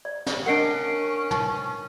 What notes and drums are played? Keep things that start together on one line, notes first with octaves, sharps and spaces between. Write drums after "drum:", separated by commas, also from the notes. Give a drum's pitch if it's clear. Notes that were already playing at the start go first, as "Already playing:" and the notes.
D5
drum: snare
C#4 D4 A#4 D#5 F#5 C7 D7
D#4, drum: tom